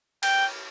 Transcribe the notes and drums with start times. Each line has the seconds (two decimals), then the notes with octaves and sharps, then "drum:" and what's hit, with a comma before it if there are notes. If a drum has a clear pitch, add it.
0.23 G5, drum: cymbal